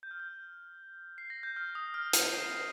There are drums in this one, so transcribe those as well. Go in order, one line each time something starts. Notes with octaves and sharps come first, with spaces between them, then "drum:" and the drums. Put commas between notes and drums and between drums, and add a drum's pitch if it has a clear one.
G6
F6
G6
C7
A#6
G6
F6
D#6
F6
F6, drum: hi-hat
C7
C7